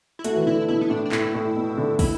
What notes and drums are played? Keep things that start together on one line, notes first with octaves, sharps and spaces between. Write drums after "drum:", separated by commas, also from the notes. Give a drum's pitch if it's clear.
E4
A3 F#4, drum: hi-hat
E3
D3 E4
B2 E4
B3
A2 D4
D4
A2 E4, drum: clap
A2
B2
D3
B2 E4, drum: kick, open hi-hat